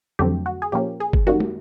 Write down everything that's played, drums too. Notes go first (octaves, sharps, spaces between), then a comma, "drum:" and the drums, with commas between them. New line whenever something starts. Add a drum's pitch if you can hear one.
F2 D3 F#3 A3 C4 G4
F#4
G#4
A#2 F3 A#3 C#4 G4
G#4
drum: kick G1
F#2 D#3 G3 A#3 F#4
drum: tom